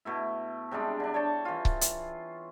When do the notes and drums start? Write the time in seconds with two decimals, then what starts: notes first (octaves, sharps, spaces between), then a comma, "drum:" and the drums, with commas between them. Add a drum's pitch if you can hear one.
0.05 B2 A3 E4
0.71 C3 G3 G#3 D4
1.00 D3 D4
1.14 C#5 G5 A5
1.45 E3 F4
1.65 drum: kick C#1
1.81 drum: hi-hat